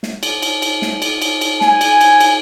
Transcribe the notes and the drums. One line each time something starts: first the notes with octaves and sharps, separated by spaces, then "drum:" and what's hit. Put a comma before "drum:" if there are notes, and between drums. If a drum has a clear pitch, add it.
drum: snare
drum: cymbal
drum: cymbal
drum: cymbal
drum: snare
drum: cymbal
drum: cymbal
drum: cymbal
G#5, drum: snare
drum: cymbal
drum: cymbal
drum: cymbal